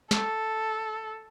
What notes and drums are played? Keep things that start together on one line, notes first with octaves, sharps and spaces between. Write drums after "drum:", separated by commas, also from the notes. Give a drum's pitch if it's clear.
A4, drum: snare